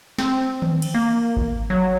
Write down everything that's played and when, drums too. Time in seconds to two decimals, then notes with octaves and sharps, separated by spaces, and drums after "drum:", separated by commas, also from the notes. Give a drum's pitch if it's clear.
0.18 C4, drum: snare
0.62 drum: tom D#3
0.82 drum: cymbal
0.94 A#3
1.37 drum: kick G#1
1.70 F#3